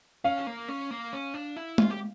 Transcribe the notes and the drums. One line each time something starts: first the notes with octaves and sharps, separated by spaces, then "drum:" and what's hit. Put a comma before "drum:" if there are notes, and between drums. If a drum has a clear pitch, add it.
C#4 F5
A#3
C#4
A#3
C#4
D4
E4
F4, drum: tom G#3
G4